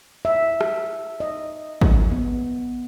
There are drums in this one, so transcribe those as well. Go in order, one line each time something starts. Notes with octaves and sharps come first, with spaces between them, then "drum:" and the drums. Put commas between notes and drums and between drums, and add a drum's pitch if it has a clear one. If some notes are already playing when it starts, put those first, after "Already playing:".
E5
drum: rim click
D#5
drum: kick
B3